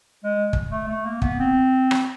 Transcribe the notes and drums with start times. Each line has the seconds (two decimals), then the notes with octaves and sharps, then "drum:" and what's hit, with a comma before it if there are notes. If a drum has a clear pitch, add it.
0.24 G#3
0.53 drum: kick
0.70 A3
0.88 A3
1.05 A#3
1.22 B3, drum: kick
1.39 C4
1.91 drum: rim click